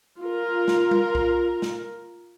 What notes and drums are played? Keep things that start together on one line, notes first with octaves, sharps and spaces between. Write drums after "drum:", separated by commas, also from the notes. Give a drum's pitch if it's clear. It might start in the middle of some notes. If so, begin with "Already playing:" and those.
F4 A#4
drum: snare
drum: tom G3
drum: kick B1
drum: snare